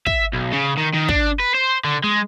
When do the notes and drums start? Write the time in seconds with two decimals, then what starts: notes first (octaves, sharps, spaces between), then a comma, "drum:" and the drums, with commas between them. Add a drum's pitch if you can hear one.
0.06 E5, drum: kick
0.33 B1
0.52 C#3
0.77 D#3
0.94 D#3
1.09 D4, drum: kick
1.40 B4
1.55 C5
1.85 D3
2.04 G#3